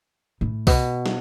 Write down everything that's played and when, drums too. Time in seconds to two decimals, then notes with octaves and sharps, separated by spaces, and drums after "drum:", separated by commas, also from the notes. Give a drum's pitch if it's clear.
0.41 A2
0.67 B2, drum: kick B1, open hi-hat
1.06 drum: snare